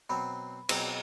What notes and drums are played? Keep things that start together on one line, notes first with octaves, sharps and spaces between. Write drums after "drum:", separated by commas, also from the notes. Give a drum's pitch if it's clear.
B2 F#3 C4 B5
B2 F#3 C4, drum: cymbal